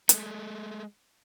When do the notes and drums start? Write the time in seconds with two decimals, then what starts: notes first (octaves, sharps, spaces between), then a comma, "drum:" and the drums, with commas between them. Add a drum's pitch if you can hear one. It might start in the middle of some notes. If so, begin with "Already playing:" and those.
0.09 G#3 A3, drum: hi-hat